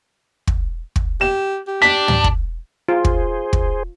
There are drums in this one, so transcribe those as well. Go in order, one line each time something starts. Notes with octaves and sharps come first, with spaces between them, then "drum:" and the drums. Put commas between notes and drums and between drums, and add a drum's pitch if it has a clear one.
drum: kick
drum: kick
G4 E7
G4
D4 B6
drum: tom
drum: kick
F4 G#4 C5
drum: kick
drum: kick